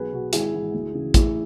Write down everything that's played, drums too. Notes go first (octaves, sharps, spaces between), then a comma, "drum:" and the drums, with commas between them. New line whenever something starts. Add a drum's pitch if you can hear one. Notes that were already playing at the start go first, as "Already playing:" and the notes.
Already playing: B1 G#4 B4
B2
G#1 E4 G#4, drum: hi-hat
G#2 E3
D2
C#3 E3
A1 E4 G#4, drum: kick A1, hi-hat